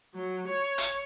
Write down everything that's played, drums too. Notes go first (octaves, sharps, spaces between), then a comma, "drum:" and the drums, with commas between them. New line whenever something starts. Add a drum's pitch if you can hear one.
F#3
C#5
drum: hi-hat